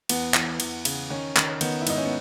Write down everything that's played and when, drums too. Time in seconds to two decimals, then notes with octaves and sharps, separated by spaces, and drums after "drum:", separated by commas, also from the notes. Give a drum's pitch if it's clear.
0.09 E2 B3, drum: cymbal
0.34 E3, drum: clap
0.60 E2, drum: cymbal
0.85 C#3, drum: cymbal
1.10 D#3 C#4
1.36 D#3, drum: clap
1.61 D#3 B3, drum: cymbal
1.81 E4
1.87 G#2 D#4, drum: cymbal
1.97 C#4
2.05 B3